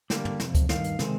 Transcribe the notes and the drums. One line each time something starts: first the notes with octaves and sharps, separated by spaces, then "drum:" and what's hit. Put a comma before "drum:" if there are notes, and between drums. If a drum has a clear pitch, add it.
D3 G3 A#3, drum: snare
drum: tom
F2 C3, drum: snare
drum: kick C#2, hi-hat
G2 D#3 F5, drum: snare
drum: hi-hat
C3 D#3 G#3 C4, drum: snare